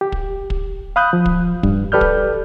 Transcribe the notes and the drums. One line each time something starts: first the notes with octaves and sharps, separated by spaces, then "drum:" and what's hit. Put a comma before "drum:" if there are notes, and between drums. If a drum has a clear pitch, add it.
G4
drum: kick
drum: kick
F5 B5 D#6 F#6 G6
F3
drum: kick
G2, drum: kick
G4 A4 B4 D5 F6 G6
drum: kick